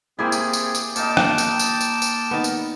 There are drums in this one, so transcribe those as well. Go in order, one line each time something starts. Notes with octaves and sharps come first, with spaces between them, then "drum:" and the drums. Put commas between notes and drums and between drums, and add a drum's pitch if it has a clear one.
A#3 C4 E4 G4 G#4 D5 G#5
drum: tambourine
drum: tambourine
drum: tambourine
A#2 D#4 G5 A5 D6, drum: tambourine
drum: rim click
drum: tambourine
drum: tambourine
drum: tambourine
drum: tambourine
D#3 B3
drum: tambourine